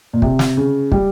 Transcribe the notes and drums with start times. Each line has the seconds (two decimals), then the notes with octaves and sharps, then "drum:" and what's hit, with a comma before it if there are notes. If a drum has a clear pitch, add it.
0.13 A#2
0.22 C3, drum: kick
0.39 drum: snare
0.57 C#3
0.92 G3, drum: kick